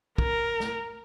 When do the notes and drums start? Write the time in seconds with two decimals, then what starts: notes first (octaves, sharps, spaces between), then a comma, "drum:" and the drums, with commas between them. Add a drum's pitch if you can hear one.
0.18 A#4, drum: kick
0.60 drum: snare